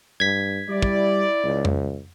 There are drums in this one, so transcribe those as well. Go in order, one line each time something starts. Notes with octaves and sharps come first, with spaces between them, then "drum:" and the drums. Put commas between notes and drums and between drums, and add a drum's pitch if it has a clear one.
G2 G#6 B6
G3 E4 D5
drum: kick
C#2
drum: tom F2